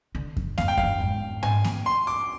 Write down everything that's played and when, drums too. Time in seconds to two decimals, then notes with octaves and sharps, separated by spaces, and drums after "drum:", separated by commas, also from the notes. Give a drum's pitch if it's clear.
0.15 D3
0.37 drum: kick F2
0.58 G2 F5, drum: snare A#3
0.68 F2 G5
0.77 F5, drum: kick F2
0.83 G2
1.00 G#2
1.43 G#5, drum: tom G#2
1.64 drum: snare A#3
1.86 C6
2.07 D6